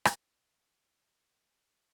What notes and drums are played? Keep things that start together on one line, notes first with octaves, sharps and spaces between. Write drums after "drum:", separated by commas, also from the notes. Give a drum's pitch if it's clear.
drum: rim click
G#2 F#3 A3 E4 G#4 G#5